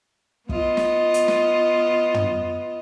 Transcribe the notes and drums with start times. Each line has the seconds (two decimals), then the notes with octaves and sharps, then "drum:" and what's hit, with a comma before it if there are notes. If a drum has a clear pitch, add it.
0.49 B3 F4 D#5, drum: kick
0.77 drum: snare
1.14 drum: hi-hat
1.28 drum: snare
2.14 drum: tom